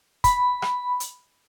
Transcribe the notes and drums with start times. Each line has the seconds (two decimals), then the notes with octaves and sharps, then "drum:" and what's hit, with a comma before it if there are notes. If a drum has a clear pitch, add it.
0.24 B5, drum: kick, hi-hat
0.62 drum: rim click
1.00 drum: hi-hat